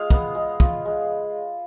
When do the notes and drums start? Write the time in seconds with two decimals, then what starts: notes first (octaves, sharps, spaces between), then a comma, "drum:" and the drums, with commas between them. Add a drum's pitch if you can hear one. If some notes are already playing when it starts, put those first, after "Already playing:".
Already playing: G#3 F4 F5
0.10 B3, drum: kick
0.35 G#3
0.60 F4, drum: kick
0.85 G#3